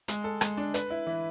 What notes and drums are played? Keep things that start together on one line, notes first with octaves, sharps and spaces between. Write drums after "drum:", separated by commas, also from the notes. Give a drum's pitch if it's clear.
G#3, drum: hi-hat
A4
G#3, drum: rim click
D4
B4, drum: hi-hat
E4
E3